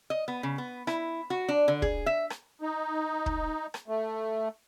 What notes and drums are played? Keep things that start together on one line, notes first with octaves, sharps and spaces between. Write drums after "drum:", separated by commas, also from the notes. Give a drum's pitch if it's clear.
D#5
B3
C#3
B3
E4, drum: rim click
F#4
D4
D3
G#4, drum: kick
E5
drum: rim click
D#4
drum: kick
drum: rim click
A3